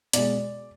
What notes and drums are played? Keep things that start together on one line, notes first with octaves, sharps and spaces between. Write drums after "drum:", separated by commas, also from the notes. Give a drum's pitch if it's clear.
B2 G#3 D5, drum: hi-hat